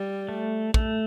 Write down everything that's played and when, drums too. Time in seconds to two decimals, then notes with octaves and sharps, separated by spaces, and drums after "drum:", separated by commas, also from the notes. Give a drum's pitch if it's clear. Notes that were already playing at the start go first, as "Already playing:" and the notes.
Already playing: G3
0.29 A3
0.74 A3, drum: kick